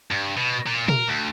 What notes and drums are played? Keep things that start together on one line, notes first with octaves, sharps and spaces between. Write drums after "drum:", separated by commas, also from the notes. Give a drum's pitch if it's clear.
G2
B2
A#2
A#4, drum: tom
D2